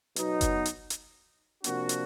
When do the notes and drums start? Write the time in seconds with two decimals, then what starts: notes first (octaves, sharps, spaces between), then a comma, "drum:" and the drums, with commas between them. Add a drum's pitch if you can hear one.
0.16 B2 F#3 B3 D#4, drum: hi-hat
0.41 drum: kick F#1, hi-hat
0.66 drum: hi-hat
0.90 drum: hi-hat
1.64 C3 F3 A#3 D4 F#4, drum: hi-hat
1.89 drum: hi-hat